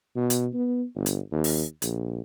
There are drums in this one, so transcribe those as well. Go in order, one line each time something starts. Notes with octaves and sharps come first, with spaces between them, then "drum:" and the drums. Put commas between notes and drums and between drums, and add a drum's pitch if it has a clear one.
B2
drum: hi-hat
B3
G1
drum: hi-hat
D#2
drum: open hi-hat
A#1, drum: hi-hat